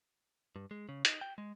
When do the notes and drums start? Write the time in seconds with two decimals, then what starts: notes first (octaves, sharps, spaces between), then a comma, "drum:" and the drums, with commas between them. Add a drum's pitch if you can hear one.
0.56 G2
0.71 G#3
0.89 C#3
1.05 D#4, drum: hi-hat
1.21 G5
1.38 G#3